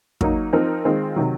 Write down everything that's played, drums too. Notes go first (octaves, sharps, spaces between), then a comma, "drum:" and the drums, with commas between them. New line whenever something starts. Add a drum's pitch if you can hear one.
F#3 A#3 D#4, drum: kick
F3 C4 D#4 A#4
D#3 G#3 C4 F4
C3 D#3 F#3